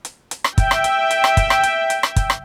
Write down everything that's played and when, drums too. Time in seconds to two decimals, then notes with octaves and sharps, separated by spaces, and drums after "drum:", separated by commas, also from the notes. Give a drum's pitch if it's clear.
0.05 drum: hi-hat
0.31 drum: hi-hat
0.44 drum: rim click
0.58 E5 G5, drum: kick, hi-hat
0.71 drum: rim click
0.84 drum: hi-hat
1.11 drum: hi-hat
1.24 drum: rim click
1.37 drum: kick, hi-hat
1.50 drum: rim click
1.63 drum: hi-hat
1.90 drum: hi-hat
2.03 drum: rim click
2.16 drum: kick, hi-hat
2.30 drum: rim click